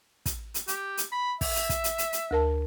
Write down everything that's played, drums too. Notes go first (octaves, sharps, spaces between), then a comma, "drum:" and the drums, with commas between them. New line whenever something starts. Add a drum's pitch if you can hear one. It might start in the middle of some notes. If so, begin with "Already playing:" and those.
drum: kick, hi-hat
drum: hi-hat
G4, drum: hi-hat
drum: hi-hat
B5
E5, drum: kick, open hi-hat
drum: hi-hat
drum: kick, hi-hat
drum: hi-hat
drum: hi-hat
drum: hi-hat
D2 A#4 A5